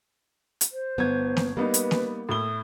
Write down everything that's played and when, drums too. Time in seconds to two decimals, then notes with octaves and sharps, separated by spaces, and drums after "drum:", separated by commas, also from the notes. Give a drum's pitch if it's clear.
0.61 drum: hi-hat
0.72 C5
0.98 G1 B3 G#6
1.37 drum: snare A#3
1.57 G3 A#3 B3 D#4 B4
1.74 drum: hi-hat
1.91 drum: snare A#3
2.29 A2 E4 D#6 G7